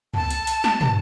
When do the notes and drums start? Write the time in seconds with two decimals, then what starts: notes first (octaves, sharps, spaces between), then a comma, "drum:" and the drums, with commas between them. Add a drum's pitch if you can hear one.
0.14 A5, drum: tom
0.30 drum: hi-hat
0.47 drum: hi-hat
0.64 drum: snare
0.81 drum: tom